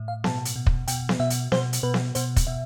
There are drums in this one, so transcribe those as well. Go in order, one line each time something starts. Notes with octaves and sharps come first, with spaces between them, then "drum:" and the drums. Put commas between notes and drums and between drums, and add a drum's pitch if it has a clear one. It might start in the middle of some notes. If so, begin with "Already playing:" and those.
Already playing: A2
F5
B2 A5, drum: snare B3
drum: hi-hat
B2
drum: kick
B2 G5, drum: hi-hat
drum: snare B3
B2 E5
drum: hi-hat
B2 C5, drum: snare B3
drum: hi-hat
B2 B4
drum: snare B3
B2 C5, drum: hi-hat
drum: kick, hi-hat
B2 E5